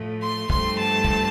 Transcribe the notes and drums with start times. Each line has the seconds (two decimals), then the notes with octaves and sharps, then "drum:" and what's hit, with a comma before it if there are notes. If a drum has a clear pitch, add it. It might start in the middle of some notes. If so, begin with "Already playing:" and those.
Already playing: A2 F3 A3
0.22 C6
0.50 G2 F3 A3 C4 C6, drum: kick
0.79 A5
1.05 drum: kick